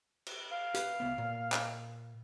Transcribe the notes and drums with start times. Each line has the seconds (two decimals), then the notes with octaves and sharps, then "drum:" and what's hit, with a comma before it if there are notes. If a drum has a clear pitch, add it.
0.27 drum: cymbal
0.52 F5
0.75 G4 B4, drum: hi-hat
1.00 C2 B3
1.18 A#2
1.52 drum: clap